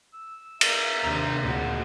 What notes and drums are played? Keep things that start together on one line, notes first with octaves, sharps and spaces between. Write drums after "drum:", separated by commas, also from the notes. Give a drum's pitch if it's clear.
E6
A#4 E5, drum: cymbal
D#2 C3 C4 D4 A#5
D2 A#2 G#3 F#4